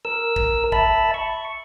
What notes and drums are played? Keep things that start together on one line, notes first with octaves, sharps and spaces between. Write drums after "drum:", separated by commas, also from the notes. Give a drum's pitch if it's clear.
A#4 E6
drum: kick
E5 A5 B5, drum: kick
C#6